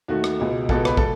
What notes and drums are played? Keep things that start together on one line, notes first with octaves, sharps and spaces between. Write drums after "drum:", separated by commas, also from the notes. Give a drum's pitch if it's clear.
D#2 D#3 A3 F#4
drum: rim click
C#2 B2 G#3
C#2 B2 G#3 F#4 A4, drum: kick
B4, drum: rim click
A4, drum: kick